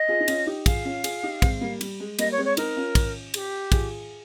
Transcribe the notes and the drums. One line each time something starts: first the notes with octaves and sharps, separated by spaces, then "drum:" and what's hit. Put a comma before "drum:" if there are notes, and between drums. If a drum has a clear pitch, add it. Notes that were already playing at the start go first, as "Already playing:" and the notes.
Already playing: D#5
F4 G#4
D#4
C#4 F4, drum: cymbal
D#4 G4
F4 G#4 F5, drum: kick, cymbal
C#4 F4
F4 G#4, drum: cymbal
D#4 G4
G#3 C4, drum: kick, cymbal
G3 A#3
G3, drum: cymbal
G#3
G3 A#3 D#5, drum: cymbal
C#5
G#3 C4
C#5
C4 D#4 A#4, drum: cymbal
C#4 F4
drum: kick, cymbal
G#4, drum: cymbal
G4
F4 G#4, drum: kick, cymbal